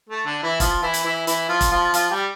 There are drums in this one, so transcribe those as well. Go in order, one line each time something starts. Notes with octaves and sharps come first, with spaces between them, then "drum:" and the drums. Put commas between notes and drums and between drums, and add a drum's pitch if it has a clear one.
A3
D3 D4
E3 E4
F3 F4, drum: kick, hi-hat
E3 E4
drum: hi-hat
E3 E4
E3 E4, drum: hi-hat
F3 F4
drum: kick, hi-hat
F3 F4
F3 F4, drum: hi-hat
G3 G4